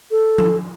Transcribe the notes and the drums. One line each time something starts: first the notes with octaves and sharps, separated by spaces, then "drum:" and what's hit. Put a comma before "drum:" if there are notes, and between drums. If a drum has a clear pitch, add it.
A4
drum: tom F3